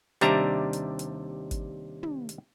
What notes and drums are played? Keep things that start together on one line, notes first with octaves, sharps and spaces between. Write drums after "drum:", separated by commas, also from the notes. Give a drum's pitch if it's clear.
D#2 C3 G3 D4 E5 A#5, drum: hi-hat
drum: hi-hat
drum: hi-hat
drum: kick G#1, hi-hat
drum: tom
drum: hi-hat